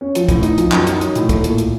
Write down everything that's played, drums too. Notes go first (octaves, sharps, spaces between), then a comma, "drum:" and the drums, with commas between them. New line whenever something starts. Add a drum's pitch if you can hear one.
C#4
F3, drum: hi-hat
A2, drum: kick, hi-hat
D#4, drum: hi-hat
F3, drum: hi-hat
F#2, drum: clap
D#4, drum: hi-hat
F#3, drum: hi-hat
A2, drum: hi-hat
A3, drum: kick, hi-hat
A#2, drum: hi-hat
drum: hi-hat